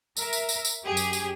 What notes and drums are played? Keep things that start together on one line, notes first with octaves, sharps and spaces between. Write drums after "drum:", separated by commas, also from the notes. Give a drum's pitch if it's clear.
A#4 E5, drum: tambourine
drum: tambourine
drum: tambourine
drum: tambourine
F#2 G4 G#4
drum: tambourine
drum: tambourine